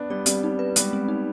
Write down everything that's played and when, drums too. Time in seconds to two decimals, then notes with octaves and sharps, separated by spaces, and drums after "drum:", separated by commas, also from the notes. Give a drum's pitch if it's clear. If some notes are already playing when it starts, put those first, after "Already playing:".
Already playing: B3 D4
0.10 G3 B3 D5
0.26 G3 B3 C4, drum: hi-hat
0.43 D#4
0.59 B4
0.76 G3 G#3 B3, drum: hi-hat
0.93 C4
1.08 D#4